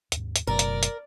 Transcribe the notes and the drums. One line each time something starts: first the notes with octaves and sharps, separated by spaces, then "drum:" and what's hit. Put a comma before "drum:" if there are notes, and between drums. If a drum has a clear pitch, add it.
D#2 G#2, drum: hi-hat
drum: hi-hat
F#1 B2 F#3 A3 A#4 D5
drum: hi-hat
drum: hi-hat